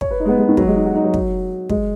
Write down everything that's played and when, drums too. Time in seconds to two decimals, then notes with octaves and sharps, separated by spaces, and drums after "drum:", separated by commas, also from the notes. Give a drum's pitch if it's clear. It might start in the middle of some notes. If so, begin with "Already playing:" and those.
0.01 C#5, drum: kick
0.11 B4
0.20 D#4
0.26 G#3
0.29 B3
0.38 G#3
0.49 D#3
0.57 F#3, drum: kick
0.67 G#3
0.76 D#4
0.86 F#4
0.95 D#4
1.04 F#3
1.14 drum: kick
1.70 G#3, drum: kick